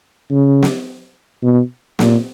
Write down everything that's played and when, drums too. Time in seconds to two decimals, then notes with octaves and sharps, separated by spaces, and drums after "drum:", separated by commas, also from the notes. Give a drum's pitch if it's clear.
0.31 C#3
0.63 drum: snare
1.43 B2
1.99 A#2, drum: snare